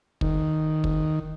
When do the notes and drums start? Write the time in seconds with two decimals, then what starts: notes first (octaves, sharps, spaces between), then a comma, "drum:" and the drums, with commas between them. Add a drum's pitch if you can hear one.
0.21 D#3, drum: kick
0.84 drum: kick